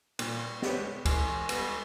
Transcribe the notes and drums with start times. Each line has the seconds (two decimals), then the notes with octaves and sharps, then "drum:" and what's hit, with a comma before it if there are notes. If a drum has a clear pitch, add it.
0.19 A#2 G3, drum: cymbal
0.62 G#3 B3 G4 C#5, drum: snare
1.05 E3 G#3, drum: kick, cymbal
1.49 G3 B3, drum: cymbal